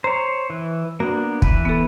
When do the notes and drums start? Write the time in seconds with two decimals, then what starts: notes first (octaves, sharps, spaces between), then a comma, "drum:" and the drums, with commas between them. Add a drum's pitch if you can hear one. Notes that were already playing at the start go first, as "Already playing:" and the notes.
0.04 C5 C#5 A#5
0.50 E3
1.00 A#3 B3 D4 F#4
1.42 E3 B4, drum: kick
1.65 B3 A4